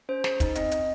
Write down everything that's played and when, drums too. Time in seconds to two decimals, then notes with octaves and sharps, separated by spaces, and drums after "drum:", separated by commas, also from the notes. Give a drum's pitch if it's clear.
0.09 C#4 C5
0.24 G#4, drum: snare
0.40 D#4, drum: kick, hi-hat
0.55 C4 D#5, drum: hi-hat
0.71 C4, drum: hi-hat